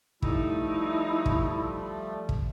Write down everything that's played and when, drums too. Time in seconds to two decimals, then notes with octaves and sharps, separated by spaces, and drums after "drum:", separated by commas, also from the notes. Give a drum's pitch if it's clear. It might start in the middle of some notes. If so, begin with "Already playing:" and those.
0.22 F3 G3 A3 D#4 E4, drum: kick
1.26 drum: kick
2.29 drum: kick